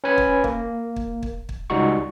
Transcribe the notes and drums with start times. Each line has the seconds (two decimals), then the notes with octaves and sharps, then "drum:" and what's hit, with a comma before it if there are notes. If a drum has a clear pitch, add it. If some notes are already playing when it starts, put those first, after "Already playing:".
0.04 C#4 B4 G#5 B5
0.18 drum: kick
0.44 A#3, drum: kick
0.96 drum: kick
1.23 drum: kick
1.49 drum: kick
1.70 C#2 G3 D#4 F#4 C#6